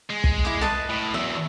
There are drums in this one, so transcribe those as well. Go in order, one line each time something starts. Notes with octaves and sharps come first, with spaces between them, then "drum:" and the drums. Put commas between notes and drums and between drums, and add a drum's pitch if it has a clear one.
G#3
drum: kick
E4 D6
B4 D#5 A5
A2
E2 F#3 E5